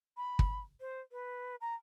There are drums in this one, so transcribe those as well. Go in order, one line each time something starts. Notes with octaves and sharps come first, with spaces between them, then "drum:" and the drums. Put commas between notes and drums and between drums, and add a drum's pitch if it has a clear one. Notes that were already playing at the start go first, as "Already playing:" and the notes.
B5
drum: kick
C5
B4
A#5